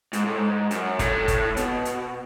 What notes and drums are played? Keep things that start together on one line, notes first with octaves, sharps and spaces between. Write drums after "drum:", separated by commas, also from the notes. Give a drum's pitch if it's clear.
G#2, drum: hi-hat
A2
G#2
F#2, drum: hi-hat
A2, drum: kick, hi-hat
drum: kick, hi-hat
B2, drum: hi-hat
drum: hi-hat